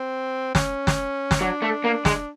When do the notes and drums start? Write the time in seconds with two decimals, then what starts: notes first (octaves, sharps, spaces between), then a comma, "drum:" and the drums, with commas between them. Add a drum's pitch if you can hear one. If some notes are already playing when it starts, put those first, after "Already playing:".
Already playing: C4
0.55 C#4, drum: snare
0.87 drum: snare
1.31 drum: snare
1.41 F#3 D4
1.62 A3
1.84 A#3
2.05 G#3, drum: snare